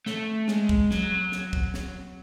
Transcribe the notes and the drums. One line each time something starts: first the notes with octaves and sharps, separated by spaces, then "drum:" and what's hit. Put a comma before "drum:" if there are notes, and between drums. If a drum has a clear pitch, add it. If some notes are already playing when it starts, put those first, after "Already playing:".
A3, drum: snare
G#3, drum: snare
drum: kick
F#3, drum: snare
drum: snare
drum: kick
drum: snare